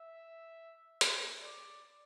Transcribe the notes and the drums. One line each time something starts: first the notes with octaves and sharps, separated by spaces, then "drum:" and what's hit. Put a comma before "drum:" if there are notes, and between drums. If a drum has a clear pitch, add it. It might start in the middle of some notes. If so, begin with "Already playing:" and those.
Already playing: E5
drum: hi-hat
D5